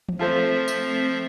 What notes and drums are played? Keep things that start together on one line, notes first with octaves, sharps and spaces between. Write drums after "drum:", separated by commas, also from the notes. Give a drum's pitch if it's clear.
drum: tom E3
F3 A3 C4 F4 A4 C5 E5
drum: tambourine